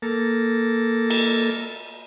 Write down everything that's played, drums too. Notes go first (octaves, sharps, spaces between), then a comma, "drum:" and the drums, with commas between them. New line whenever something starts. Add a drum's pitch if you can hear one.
A#3 A4
drum: cymbal